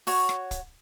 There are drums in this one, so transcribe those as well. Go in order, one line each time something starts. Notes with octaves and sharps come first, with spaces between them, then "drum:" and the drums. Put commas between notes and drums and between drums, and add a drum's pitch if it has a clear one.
F#4 C#5, drum: open hi-hat
drum: rim click
drum: kick, hi-hat